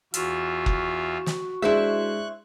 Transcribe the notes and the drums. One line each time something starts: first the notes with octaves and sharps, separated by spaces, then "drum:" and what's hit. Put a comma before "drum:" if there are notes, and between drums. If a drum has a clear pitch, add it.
E2 F4 F#4 E5, drum: hi-hat
drum: kick F#1
drum: snare
G#3 D4 E4 C5 E5 C#6 F#6